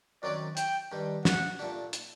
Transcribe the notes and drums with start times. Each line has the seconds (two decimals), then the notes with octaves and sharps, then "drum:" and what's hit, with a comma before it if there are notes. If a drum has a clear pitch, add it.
0.23 F#2 D#3 F#3 C4 F#4 D5
0.57 G5, drum: hi-hat
0.92 G2 D#3 G3
1.25 F#5, drum: snare
1.59 A#2 A3 D4 G4
1.93 drum: hi-hat